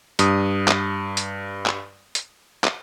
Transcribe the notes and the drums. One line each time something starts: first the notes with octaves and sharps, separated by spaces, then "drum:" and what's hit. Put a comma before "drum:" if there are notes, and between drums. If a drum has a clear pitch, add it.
G2 D#6, drum: hi-hat
drum: clap
drum: hi-hat
drum: clap
drum: hi-hat
drum: clap